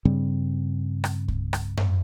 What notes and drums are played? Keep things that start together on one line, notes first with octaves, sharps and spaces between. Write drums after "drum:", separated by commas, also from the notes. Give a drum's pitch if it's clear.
G2 C#3 G3 C4
drum: rim click
drum: kick C2
drum: rim click
drum: tom F#2